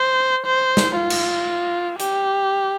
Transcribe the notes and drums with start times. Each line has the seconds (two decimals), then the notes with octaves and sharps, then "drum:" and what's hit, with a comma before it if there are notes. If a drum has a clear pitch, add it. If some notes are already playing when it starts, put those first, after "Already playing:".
Already playing: C5
0.46 C5
0.77 drum: snare
0.96 F4
1.10 drum: cymbal
1.99 G4, drum: hi-hat